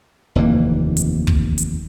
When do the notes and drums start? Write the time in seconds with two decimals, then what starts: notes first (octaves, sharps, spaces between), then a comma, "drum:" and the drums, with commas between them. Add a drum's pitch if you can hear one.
0.35 F1 D#2 E3 A#3
0.97 drum: hi-hat
1.27 drum: kick
1.58 drum: hi-hat